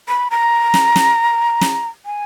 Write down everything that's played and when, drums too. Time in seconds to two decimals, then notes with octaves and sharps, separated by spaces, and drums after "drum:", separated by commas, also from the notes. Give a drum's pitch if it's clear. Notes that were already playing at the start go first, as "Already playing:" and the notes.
0.09 B5
0.31 A#5
0.74 drum: snare
0.96 drum: snare
1.62 drum: snare
2.06 G#5